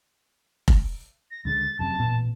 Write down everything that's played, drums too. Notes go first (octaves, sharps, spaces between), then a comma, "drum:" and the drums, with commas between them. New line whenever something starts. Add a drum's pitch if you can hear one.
drum: kick F1
A#6
C#2 D3 G#3 A6
F1 F#2 C3 A5
A1 A#2 B3